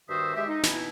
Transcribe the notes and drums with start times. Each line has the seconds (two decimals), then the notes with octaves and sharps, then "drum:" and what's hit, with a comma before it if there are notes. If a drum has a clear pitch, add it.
0.09 G2 D#3 F#4 C5 E5 D#6
0.36 G#3 G4 E5
0.49 D#4
0.63 B2 C#4 D#4 E4, drum: snare